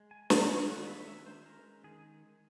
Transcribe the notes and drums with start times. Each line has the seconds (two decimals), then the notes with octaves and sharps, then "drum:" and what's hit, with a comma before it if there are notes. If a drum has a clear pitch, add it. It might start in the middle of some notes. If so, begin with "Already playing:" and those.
Already playing: G#3
0.11 G#5
0.30 E3 G5, drum: snare
0.49 F5
0.68 D#3 F#5
0.87 E5
1.07 C#4 E5
1.26 C5
1.46 G#3 A#4
1.84 D#3 G#4